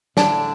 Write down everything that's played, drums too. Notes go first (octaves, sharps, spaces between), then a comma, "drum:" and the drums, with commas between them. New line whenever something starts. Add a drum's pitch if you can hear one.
A2 D3 D4, drum: snare